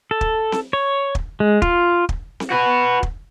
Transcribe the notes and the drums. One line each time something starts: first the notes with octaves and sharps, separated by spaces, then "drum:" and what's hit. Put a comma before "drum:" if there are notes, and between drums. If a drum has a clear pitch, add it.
A4
drum: kick
drum: snare C4
C#5
drum: kick
G#3
F4, drum: kick
drum: kick
drum: snare C4
F#4 B4
drum: kick